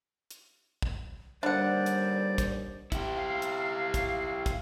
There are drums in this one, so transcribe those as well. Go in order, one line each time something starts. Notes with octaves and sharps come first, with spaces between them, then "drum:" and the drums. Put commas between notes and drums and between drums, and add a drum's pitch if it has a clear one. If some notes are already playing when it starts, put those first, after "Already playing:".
drum: hi-hat
drum: kick
D#2 D3 G3 D4 C5 D5 F#5
drum: hi-hat
drum: kick, hi-hat
E4 G4, drum: kick, hi-hat
F5
drum: hi-hat
drum: kick, hi-hat
drum: kick, hi-hat